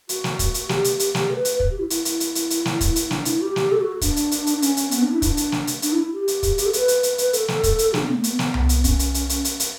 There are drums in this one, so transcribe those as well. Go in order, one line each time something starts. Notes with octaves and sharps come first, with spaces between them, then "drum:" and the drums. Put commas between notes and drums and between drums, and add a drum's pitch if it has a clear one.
F#4, drum: hi-hat
drum: snare
drum: kick, hi-hat
drum: hi-hat
G4, drum: snare
drum: hi-hat
drum: hi-hat
drum: snare
B4
drum: hi-hat
drum: kick
G4
E4
E4, drum: hi-hat
drum: hi-hat
drum: hi-hat
drum: hi-hat
drum: hi-hat
drum: snare
drum: kick, hi-hat
drum: hi-hat
D4, drum: snare
E4, drum: hi-hat
G4
drum: snare
A4
F#4
D4, drum: kick, hi-hat
drum: hi-hat
drum: hi-hat
drum: hi-hat
D4
C#4, drum: hi-hat
drum: hi-hat
B3, drum: hi-hat
D4
E4
D4, drum: kick, hi-hat
drum: hi-hat
drum: snare
drum: hi-hat
D4, drum: hi-hat
E4
G4
drum: hi-hat
drum: kick, hi-hat
G4, drum: hi-hat
A4
B4, drum: hi-hat
drum: hi-hat
drum: hi-hat
drum: hi-hat
A4, drum: hi-hat
drum: snare
drum: kick, hi-hat
drum: hi-hat
D4, drum: snare
B3
A3
B3, drum: hi-hat
drum: snare
drum: tom C2
drum: hi-hat
C#4, drum: kick, hi-hat
drum: hi-hat
drum: hi-hat
drum: hi-hat
drum: hi-hat
drum: hi-hat